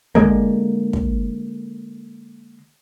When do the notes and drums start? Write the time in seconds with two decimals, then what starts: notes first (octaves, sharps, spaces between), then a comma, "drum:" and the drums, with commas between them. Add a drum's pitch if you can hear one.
0.15 D3 G#3 A#3, drum: kick
0.93 drum: kick